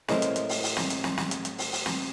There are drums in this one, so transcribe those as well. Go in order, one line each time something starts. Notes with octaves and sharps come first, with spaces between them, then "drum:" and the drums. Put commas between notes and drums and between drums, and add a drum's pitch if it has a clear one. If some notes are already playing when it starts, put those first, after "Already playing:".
A2 G#3 A#4 C5, drum: snare
drum: hi-hat
drum: hi-hat
drum: open hi-hat
drum: open hi-hat
drum: snare
drum: hi-hat
drum: snare
drum: snare
drum: hi-hat
drum: hi-hat
drum: open hi-hat
drum: open hi-hat
drum: snare